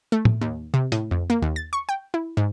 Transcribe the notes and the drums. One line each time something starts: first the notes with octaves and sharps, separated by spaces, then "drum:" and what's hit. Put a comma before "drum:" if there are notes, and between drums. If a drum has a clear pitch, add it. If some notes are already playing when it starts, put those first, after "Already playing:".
A3
drum: tom A2
D#2
C3
A2, drum: hi-hat
F2
A#3
D#2
A6
C#6
G5
E4
G#2